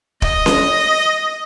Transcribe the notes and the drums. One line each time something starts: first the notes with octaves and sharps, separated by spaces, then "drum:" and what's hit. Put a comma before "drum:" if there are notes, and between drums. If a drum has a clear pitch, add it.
D#5, drum: kick
drum: snare C#4